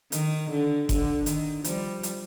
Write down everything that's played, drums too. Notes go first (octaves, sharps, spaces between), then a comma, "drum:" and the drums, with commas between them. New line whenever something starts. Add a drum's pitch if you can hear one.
D#3, drum: hi-hat
D3
D3, drum: kick F#1, hi-hat
D#3, drum: hi-hat
F3 G3, drum: hi-hat
drum: hi-hat